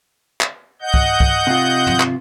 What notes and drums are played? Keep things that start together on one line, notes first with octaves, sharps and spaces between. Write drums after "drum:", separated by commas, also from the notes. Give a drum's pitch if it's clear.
drum: clap
D#5 F#5 G6
drum: kick C2
drum: kick C2
C3 F4
drum: tom
drum: clap